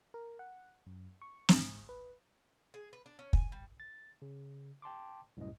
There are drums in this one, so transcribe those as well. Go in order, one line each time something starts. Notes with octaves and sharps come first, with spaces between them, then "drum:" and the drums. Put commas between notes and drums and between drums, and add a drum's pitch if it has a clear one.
A#4
F#5
F#2
C#6
G#2, drum: snare
B4
G#4
B4
D4
C#4
G#5, drum: kick
G3
A6
C#3
G5 A5 C6 D6
C2 F#2 A2 D#5